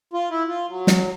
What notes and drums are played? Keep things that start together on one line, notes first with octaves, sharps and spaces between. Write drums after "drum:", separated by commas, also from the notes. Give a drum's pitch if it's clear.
F4
E4
F4
F#3
drum: snare